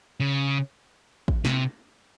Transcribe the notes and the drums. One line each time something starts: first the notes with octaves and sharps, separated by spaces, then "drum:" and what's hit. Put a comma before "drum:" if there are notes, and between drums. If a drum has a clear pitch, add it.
C#3
drum: kick
C3, drum: snare